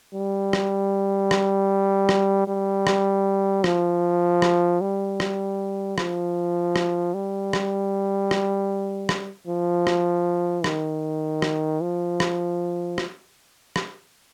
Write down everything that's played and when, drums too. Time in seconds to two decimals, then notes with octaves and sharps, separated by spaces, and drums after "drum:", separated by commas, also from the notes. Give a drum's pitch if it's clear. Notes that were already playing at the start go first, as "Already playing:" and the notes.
0.14 G3
0.53 drum: rim click
1.31 drum: rim click
2.09 drum: rim click
2.48 G3
2.87 drum: rim click
3.64 F3, drum: rim click
4.42 drum: rim click
4.81 G3
5.20 drum: rim click
5.98 F3, drum: rim click
6.76 drum: rim click
7.14 G3
7.53 drum: rim click
8.31 drum: rim click
9.09 drum: rim click
9.47 F3
9.87 drum: rim click
10.64 D#3, drum: rim click
11.42 drum: rim click
11.81 F3
12.20 drum: rim click
12.98 drum: rim click
13.76 drum: rim click